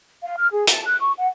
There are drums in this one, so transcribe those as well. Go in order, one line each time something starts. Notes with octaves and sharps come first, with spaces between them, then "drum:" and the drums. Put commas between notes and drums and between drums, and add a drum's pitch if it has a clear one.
F5
F6
G#4
A5, drum: hi-hat
F#6
C#6
F#5